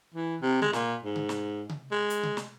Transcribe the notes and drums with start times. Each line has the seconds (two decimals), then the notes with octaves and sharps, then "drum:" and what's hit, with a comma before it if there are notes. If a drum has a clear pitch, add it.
0.14 E3
0.42 C3
0.62 G#3, drum: tom C3
0.73 A#2, drum: snare
1.03 G#2
1.16 drum: tom C3
1.29 drum: snare
1.69 drum: tom C3
1.91 G#3
2.10 drum: hi-hat
2.23 drum: tom C3
2.37 drum: snare